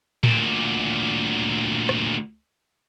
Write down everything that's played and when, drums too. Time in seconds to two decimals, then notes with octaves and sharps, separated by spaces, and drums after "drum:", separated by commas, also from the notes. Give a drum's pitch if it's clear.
0.24 D2 A#2, drum: tom A2
1.89 drum: rim click